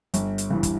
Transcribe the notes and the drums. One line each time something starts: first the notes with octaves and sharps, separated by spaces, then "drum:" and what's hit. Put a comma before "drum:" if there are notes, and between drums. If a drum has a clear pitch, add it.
G1, drum: hi-hat
drum: hi-hat
G2 E3
drum: kick, hi-hat